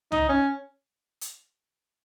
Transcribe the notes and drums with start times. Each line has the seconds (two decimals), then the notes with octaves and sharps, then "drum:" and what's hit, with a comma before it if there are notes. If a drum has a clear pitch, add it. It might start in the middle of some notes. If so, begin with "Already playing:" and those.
0.12 D#4, drum: tom C2
0.29 C#4
1.21 drum: hi-hat